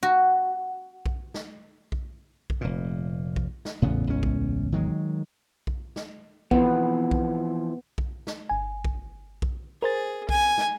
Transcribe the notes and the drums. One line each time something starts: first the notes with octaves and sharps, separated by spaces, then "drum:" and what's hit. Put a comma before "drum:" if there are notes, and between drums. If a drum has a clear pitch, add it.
F#4
drum: kick B1
drum: snare
drum: kick B1
drum: kick B1
F1 A#2
drum: kick B1
drum: snare
A1 E2 A2 C#3 B3
C#2 C#4
drum: kick B1
D#3 F#3 G#3
drum: kick B1
drum: snare
E3 F3 B3 C4, drum: kick B1
drum: kick B1
drum: kick B1
drum: snare
G1 G#5
drum: kick B1
drum: kick B1
G#4 A#4 C5 A6
G#5, drum: kick B1
drum: snare